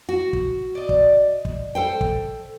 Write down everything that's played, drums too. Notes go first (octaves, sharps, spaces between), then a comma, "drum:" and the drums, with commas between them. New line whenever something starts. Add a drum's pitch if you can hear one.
F#4
drum: kick
D5 D#5
drum: kick
drum: kick
A4 C5 G5
drum: kick